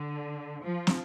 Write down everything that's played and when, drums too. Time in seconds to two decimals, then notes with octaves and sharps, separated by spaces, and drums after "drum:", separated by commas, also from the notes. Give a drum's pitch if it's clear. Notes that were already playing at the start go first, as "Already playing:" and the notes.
Already playing: D3
0.65 F3
0.87 drum: snare